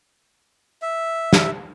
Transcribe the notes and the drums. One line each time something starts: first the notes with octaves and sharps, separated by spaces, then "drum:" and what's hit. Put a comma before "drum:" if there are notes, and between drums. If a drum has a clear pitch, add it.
E5
drum: snare